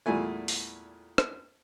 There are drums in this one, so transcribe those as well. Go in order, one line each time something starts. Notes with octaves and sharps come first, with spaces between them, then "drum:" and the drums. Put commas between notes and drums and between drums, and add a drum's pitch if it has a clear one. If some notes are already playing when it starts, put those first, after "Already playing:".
E2 A#2 G3 A3 G#5
drum: open hi-hat
drum: rim click